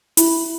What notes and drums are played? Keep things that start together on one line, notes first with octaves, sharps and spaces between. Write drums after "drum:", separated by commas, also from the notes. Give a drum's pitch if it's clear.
E4, drum: hi-hat